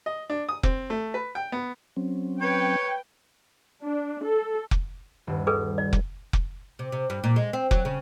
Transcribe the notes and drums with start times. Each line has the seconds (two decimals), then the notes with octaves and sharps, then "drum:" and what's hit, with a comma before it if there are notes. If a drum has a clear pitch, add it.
0.06 D#5
0.30 D4
0.49 D#6
0.63 C4, drum: kick F1
0.90 A3
1.14 B4
1.35 G5
1.52 B3
1.97 F#3 C4 C#4
2.41 B4 C#5 G5
3.83 D4
4.25 A4
4.71 drum: kick F1
5.27 D#1 G2
5.47 G#4 A4 B4
5.78 D5
5.93 drum: kick F1
6.33 drum: kick F1
6.79 C3
6.92 C3
7.10 G2
7.24 A#2
7.36 G#3
7.53 C4
7.71 F#3, drum: kick F1
7.85 C#3